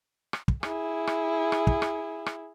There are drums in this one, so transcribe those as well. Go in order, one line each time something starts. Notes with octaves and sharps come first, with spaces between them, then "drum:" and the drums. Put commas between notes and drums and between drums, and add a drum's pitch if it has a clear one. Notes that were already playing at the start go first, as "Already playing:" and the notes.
drum: rim click
drum: kick
E4 G#4, drum: rim click
drum: rim click
drum: rim click
drum: kick
drum: rim click
drum: rim click